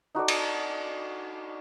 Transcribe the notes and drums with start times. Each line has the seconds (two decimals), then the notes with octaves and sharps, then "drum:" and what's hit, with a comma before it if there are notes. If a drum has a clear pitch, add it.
0.15 D#4 F#4 A4 D5
0.28 drum: cymbal